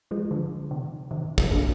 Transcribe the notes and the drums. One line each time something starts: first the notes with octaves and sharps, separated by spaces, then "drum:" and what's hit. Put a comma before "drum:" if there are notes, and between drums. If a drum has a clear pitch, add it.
F3 G#3
D3 F3
C3 D#3
C3 D#3
drum: kick
A#2 D3